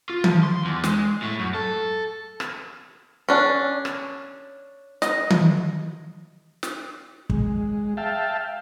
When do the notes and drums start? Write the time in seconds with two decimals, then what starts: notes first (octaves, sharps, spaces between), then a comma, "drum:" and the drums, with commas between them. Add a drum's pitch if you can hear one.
0.10 F4
0.24 F3, drum: tom D#3
0.43 C6
0.65 E2
0.84 G#3, drum: snare
1.22 A2
1.39 F#2
1.54 A4
2.40 drum: rim click
3.29 C#4 D4
3.85 drum: rim click
5.02 D#5, drum: snare
5.30 drum: tom D#3
6.63 drum: snare
7.30 G#3, drum: kick
7.97 E5 F5 G5 A5